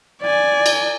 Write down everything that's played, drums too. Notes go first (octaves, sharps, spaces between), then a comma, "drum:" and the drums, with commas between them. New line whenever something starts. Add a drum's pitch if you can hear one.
D5 G#5
drum: cymbal